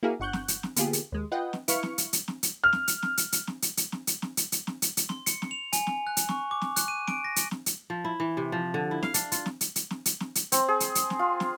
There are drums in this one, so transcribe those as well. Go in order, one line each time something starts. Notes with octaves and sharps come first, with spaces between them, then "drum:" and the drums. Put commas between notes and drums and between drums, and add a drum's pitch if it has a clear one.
A#3 E4 F#4 G#4 A#4 F5
G1 F#5 C#6 F#6 G6
drum: snare
drum: hi-hat
drum: snare
D3 A#3 B3 F4 G4 G#4, drum: hi-hat
drum: hi-hat
D#2 G#3
F4 B4 D#5 F#5 G5
drum: snare
E4 B4 F5 C#6 F6 C#7, drum: hi-hat
drum: snare
drum: hi-hat
drum: hi-hat
drum: snare
drum: hi-hat
F6
drum: snare
drum: hi-hat
drum: snare
drum: hi-hat
drum: hi-hat
drum: snare
drum: hi-hat
drum: hi-hat
drum: snare
drum: hi-hat
drum: snare
drum: hi-hat
drum: hi-hat
drum: snare
drum: hi-hat
drum: hi-hat
C6, drum: snare
C#7, drum: hi-hat
drum: snare
F7
G#5, drum: hi-hat
drum: snare
F#6
drum: hi-hat
C#6, drum: snare
D6
drum: snare
F#6, drum: hi-hat
D#7
D7, drum: snare
A#6
drum: hi-hat
drum: snare
drum: hi-hat
F3
E4
E3
C3
F3
D3
E4
F5, drum: snare
D4, drum: hi-hat
F4, drum: hi-hat
drum: snare
drum: hi-hat
drum: hi-hat
drum: snare
drum: hi-hat
drum: snare
drum: hi-hat
C4, drum: hi-hat
G#4
drum: hi-hat
drum: hi-hat
drum: snare
F4
drum: snare